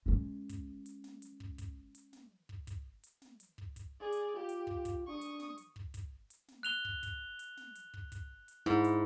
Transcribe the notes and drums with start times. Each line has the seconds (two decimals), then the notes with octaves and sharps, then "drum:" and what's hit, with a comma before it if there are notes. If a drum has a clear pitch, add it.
0.06 G#3 C#4
0.49 drum: kick, hi-hat
0.86 drum: hi-hat
1.04 drum: snare
1.22 drum: hi-hat
1.40 drum: kick
1.58 drum: kick, hi-hat
1.95 drum: hi-hat
2.13 drum: snare
2.49 drum: kick
2.67 drum: kick, hi-hat
3.04 drum: hi-hat
3.22 drum: snare
3.40 drum: hi-hat
3.58 drum: kick
3.76 drum: kick, hi-hat
4.00 G#4 D5
4.12 drum: hi-hat
4.36 F4 G4
4.49 drum: hi-hat
4.67 drum: kick
4.85 drum: kick, hi-hat
5.08 D4 C#6 D#6
5.21 drum: hi-hat
5.39 drum: snare
5.58 drum: hi-hat
5.76 drum: kick
5.94 drum: kick, hi-hat
6.30 drum: hi-hat
6.48 drum: snare
6.63 F#6 F7 G7
6.85 drum: kick
7.03 drum: kick, hi-hat
7.39 drum: hi-hat
7.57 drum: snare
7.75 drum: hi-hat
7.94 drum: kick
8.12 drum: kick, hi-hat
8.48 drum: hi-hat
8.66 G#2 E4, drum: snare
8.84 drum: hi-hat